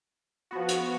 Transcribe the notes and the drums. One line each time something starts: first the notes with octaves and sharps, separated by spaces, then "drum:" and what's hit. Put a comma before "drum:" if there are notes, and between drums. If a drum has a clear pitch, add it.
F3 B3 F#4
drum: hi-hat